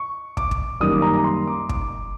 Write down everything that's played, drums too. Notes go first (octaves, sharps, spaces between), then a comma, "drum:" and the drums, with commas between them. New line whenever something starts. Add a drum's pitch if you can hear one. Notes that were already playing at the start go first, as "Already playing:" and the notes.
Already playing: C#6
D6, drum: kick
drum: kick
F#2 D#3 G3 A#3 D#6
D6
A#5
A#5
C6
D6
D6, drum: kick